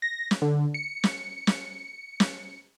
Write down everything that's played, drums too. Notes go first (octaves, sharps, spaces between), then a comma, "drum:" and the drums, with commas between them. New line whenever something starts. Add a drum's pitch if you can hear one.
A#6
drum: snare
D3
C#7
drum: snare
drum: snare
drum: snare